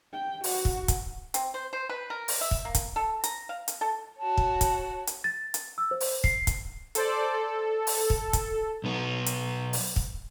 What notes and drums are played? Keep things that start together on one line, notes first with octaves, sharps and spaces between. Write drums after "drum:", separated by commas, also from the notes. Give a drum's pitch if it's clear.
G5
F#4, drum: open hi-hat
drum: kick
drum: kick, hi-hat
C4, drum: hi-hat
C5
C5
B4
A#4
drum: open hi-hat
E5
drum: kick
A#3
drum: kick, hi-hat
A4
A#5, drum: hi-hat
F5
drum: hi-hat
A4
F#4 C#5 A5
drum: kick
drum: kick, hi-hat
drum: hi-hat
A6
drum: hi-hat
E6
C5
drum: open hi-hat
C7, drum: kick
drum: kick, hi-hat
A4 C5 D5, drum: hi-hat
A4
drum: open hi-hat
drum: kick
drum: kick, hi-hat
B1 B3
drum: hi-hat
drum: open hi-hat
drum: kick